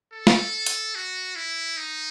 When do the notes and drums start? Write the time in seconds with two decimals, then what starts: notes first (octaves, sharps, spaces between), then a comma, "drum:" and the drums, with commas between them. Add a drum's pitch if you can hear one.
0.13 A4
0.27 drum: snare
0.66 drum: hi-hat
0.95 F#4
1.36 E4
1.77 D#4